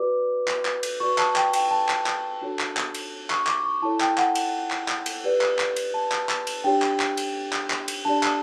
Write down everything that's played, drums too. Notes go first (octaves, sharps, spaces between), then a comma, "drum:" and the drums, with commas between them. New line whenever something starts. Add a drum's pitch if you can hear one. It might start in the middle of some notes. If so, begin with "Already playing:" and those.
Already playing: F#4 B4 D5 D6
drum: clap
drum: clap
drum: cymbal
F#4 B4 D5 C#6
A5, drum: clap
G5, drum: clap
G5, drum: cymbal
A5
drum: clap
drum: clap
D4 F#4 A4 C#5
drum: clap
drum: clap
drum: cymbal
C#6, drum: clap
D6, drum: clap
C#6
E4 A4 C#5 A5
G5, drum: clap
F#5, drum: clap
drum: cymbal
drum: clap
drum: clap
drum: cymbal
G4 B4 D5
drum: clap
drum: clap
drum: cymbal
A5
drum: clap
drum: clap
drum: cymbal
D4 G4 C#5 G5
drum: clap
drum: clap
drum: cymbal
drum: clap
drum: clap
drum: cymbal
D4 G4 D5 A5
drum: clap